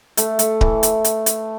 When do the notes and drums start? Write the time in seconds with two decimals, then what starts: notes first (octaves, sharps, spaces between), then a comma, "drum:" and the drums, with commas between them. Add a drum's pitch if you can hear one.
0.17 A3, drum: hi-hat
0.39 A3, drum: hi-hat
0.61 E3, drum: kick D1
0.83 drum: hi-hat
1.04 drum: hi-hat
1.26 drum: hi-hat